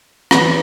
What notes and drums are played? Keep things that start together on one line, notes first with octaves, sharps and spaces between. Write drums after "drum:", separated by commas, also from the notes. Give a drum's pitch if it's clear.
E3, drum: rim click